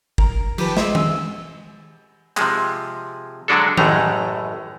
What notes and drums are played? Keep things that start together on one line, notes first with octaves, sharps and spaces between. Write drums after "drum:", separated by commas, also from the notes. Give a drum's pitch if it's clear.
A#4, drum: kick G1
D#3 F3 G4 B4 A5, drum: cymbal
G#3 C5 D#5 E5, drum: snare
G#5 E6, drum: tom D#3
C3 F3 G#3, drum: clap
D3 F#3 G#3 D4 F#4 A4
A1 F#2 A2 G#3 A3 A#5, drum: tom D#3